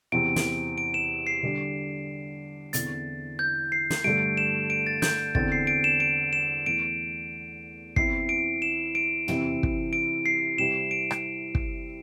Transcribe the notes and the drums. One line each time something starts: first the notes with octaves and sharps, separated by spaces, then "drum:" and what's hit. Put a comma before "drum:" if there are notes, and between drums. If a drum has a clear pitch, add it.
E2 C3 E3 C4 D7
drum: snare
D7
E7
C7
D3 G3 D4
E2 D3 C4 E4 A6, drum: hi-hat
G6
C7
drum: snare
G2 D3 A3 D7
E7
D7
A6
G6, drum: snare
E2 D3 C4 A6, drum: kick
C7
D7
E7
D7
E7
E2 E3 A3 D7
E2 E3 C4 E4 C7, drum: kick
D7
E7
D7
C3 E3 C4 E4, drum: tom
drum: kick
D7
C7
C3 G3 C4 E4 E7
D7
drum: rim click
drum: kick